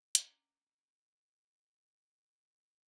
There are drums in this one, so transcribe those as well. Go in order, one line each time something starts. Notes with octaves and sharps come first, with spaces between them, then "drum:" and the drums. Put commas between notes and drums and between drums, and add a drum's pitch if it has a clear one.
C#4 D4 A#5 D6, drum: hi-hat